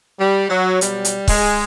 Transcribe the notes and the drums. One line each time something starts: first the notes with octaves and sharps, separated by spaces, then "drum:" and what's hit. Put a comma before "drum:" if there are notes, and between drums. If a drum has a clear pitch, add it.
G3
F#3
B2 F#3 G3, drum: hi-hat
drum: hi-hat
G#3, drum: kick, open hi-hat